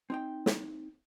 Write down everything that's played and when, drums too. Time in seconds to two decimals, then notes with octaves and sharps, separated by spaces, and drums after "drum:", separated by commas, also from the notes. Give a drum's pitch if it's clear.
0.10 C4 D#4 G5
0.46 drum: snare